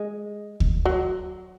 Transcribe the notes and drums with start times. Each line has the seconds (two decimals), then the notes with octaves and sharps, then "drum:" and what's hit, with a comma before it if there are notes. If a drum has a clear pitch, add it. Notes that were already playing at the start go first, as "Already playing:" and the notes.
Already playing: G#3
0.60 drum: kick D2
0.85 F#3